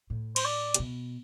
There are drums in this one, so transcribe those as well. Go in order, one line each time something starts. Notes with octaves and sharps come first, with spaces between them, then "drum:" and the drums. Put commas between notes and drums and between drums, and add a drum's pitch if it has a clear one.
A2
C5, drum: cymbal
D5
C3, drum: hi-hat
B2